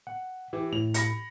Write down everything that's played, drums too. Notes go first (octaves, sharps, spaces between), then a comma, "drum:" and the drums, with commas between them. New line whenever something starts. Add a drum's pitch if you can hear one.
F#5
E3 G4
A2 F7
B5 A#6 C#7, drum: hi-hat